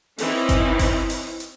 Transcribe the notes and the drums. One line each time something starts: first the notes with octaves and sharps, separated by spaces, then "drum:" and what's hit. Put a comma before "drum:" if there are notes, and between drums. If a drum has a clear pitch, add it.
E3 C4 C#4 D#4 E4, drum: open hi-hat
drum: kick G1, hi-hat
drum: kick G1, open hi-hat
drum: open hi-hat
drum: hi-hat